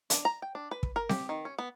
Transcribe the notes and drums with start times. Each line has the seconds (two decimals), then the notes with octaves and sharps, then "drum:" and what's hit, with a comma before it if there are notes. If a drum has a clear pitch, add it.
0.10 D4, drum: hi-hat
0.25 A#5
0.42 G5
0.55 D4
0.71 B4
0.83 drum: kick
0.96 A#4
1.09 G4, drum: snare C4
1.29 D#3
1.45 C#4
1.59 B3